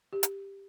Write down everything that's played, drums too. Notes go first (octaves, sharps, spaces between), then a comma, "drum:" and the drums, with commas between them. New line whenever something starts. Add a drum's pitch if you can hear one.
G4
drum: hi-hat